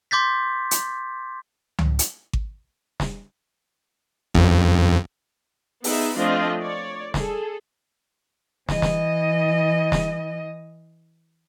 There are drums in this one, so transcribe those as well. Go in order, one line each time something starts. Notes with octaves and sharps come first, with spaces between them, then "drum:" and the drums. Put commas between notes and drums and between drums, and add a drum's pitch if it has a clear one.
C6 D6 G6 A6 B6
drum: hi-hat
drum: tom C#2
drum: hi-hat
drum: kick G#1
drum: snare
F2, drum: kick G#1
B3 D#4 G#4 E5, drum: open hi-hat
F3 A3 C4 D4 F4 D#5
C#5 D5
G#4 A4, drum: snare
E3 D#5, drum: snare
drum: snare
drum: snare